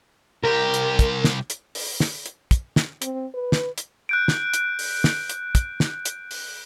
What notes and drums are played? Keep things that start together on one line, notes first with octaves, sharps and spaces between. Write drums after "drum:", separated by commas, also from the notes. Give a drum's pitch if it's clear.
C2 G4 A#4
drum: hi-hat
drum: kick, hi-hat
drum: snare
drum: hi-hat
drum: open hi-hat
drum: snare
drum: hi-hat
drum: kick, hi-hat
drum: snare
C4, drum: hi-hat
B4
drum: snare
drum: hi-hat
F#6 G6 D7
drum: snare
drum: hi-hat
drum: open hi-hat
drum: snare
drum: hi-hat
drum: kick, hi-hat
drum: snare
drum: hi-hat
drum: open hi-hat